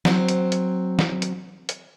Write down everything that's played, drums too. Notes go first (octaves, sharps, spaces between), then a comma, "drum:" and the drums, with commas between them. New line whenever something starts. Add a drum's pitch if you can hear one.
F#3 C4 C5, drum: snare
drum: hi-hat
drum: hi-hat
drum: snare
drum: hi-hat
drum: hi-hat